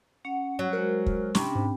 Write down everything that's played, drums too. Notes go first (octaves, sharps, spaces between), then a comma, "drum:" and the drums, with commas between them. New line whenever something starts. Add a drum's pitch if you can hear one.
C#4 F#5
F#3
G#3 A#4 C5
drum: kick
C3 C#4 D4 B5 C#6, drum: snare
G#2